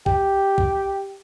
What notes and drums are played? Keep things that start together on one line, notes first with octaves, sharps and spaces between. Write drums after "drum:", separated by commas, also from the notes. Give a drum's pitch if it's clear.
G4, drum: kick
drum: kick